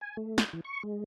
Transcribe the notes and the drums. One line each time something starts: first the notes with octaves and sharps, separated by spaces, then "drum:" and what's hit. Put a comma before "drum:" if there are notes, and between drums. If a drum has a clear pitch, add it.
G#5
A3
drum: snare
E3
C#6
G#3